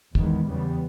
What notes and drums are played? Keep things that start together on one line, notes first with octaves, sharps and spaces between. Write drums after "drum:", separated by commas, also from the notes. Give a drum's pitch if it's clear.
E2 D#3 G#3 B3, drum: kick
E2 C#3 G3 B3